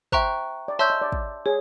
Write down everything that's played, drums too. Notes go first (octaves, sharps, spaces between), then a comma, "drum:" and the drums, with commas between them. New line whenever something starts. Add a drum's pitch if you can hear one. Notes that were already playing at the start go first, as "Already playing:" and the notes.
C5 E5 G5 A#5 C#6 F#6, drum: kick
D5
C#5 E5 A5 C6 E6 G6
D#5
D5
drum: kick
G#4 C#5